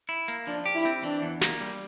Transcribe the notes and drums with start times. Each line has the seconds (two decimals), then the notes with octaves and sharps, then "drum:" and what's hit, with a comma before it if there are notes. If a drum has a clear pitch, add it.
0.09 E4
0.28 A#3, drum: hi-hat
0.47 F3 D4
0.66 G4
0.75 E4
0.85 C4
1.04 E3 D4
1.22 E2
1.41 A#3, drum: snare
1.61 G3